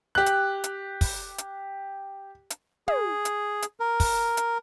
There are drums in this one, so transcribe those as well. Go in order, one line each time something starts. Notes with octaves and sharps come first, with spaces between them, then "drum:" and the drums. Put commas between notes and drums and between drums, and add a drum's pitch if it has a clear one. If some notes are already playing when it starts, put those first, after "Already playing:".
G4 F#6
drum: hi-hat
drum: hi-hat
drum: kick, open hi-hat
drum: hi-hat
drum: hi-hat
G#4, drum: tom
drum: hi-hat
drum: hi-hat
A#4
drum: kick, open hi-hat
drum: hi-hat